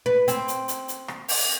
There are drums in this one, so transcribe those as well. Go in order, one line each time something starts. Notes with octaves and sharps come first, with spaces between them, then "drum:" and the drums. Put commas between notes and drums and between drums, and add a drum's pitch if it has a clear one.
B4
C4, drum: hi-hat
drum: hi-hat
drum: hi-hat
drum: hi-hat
drum: rim click
drum: open hi-hat